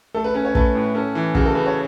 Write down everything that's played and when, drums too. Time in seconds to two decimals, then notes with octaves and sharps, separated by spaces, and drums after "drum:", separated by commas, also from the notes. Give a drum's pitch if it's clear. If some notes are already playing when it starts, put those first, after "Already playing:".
0.14 A3 A4
0.24 B4
0.34 C#4 B4
0.45 C#5
0.55 A3 B4, drum: kick
0.75 A2
0.95 C#4 A4
1.15 E3
1.35 C#3 F#4, drum: kick
1.46 A4
1.55 C#3 B4
1.66 C#5